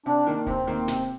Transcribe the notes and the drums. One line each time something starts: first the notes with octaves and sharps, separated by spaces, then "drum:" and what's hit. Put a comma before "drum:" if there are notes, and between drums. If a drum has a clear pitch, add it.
C3 D4, drum: hi-hat
D#3 A#3, drum: hi-hat
C3 C4, drum: kick D#1, hi-hat
D#3 A#3, drum: hi-hat
C3, drum: snare